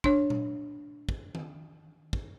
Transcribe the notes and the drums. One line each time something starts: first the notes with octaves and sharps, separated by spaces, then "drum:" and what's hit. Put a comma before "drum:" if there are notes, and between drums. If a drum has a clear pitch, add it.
D4 C#5, drum: kick
drum: tom A#2
drum: kick
drum: tom D#3
drum: kick